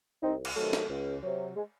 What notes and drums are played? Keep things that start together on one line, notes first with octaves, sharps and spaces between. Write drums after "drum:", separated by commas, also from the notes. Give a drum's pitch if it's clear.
C2 C4 D#4
drum: cymbal
C3 D#3 F#3 A3
drum: snare
C#2
C3 F#3
G#3